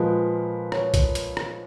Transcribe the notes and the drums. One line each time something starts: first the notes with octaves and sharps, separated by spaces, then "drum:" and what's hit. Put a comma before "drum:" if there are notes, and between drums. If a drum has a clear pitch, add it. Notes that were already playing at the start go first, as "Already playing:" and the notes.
Already playing: A#2 F3 G#3 B4
C#5, drum: rim click
drum: kick B1, hi-hat
drum: hi-hat
drum: rim click